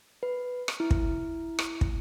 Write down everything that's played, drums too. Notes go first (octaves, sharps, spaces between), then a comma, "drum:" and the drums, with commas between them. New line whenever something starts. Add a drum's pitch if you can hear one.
B4
drum: rim click
E4
drum: kick
drum: rim click
drum: kick